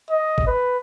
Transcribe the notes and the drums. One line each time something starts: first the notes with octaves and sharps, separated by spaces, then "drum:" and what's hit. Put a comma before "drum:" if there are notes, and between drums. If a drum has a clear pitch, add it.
D#5
drum: kick G#1
B4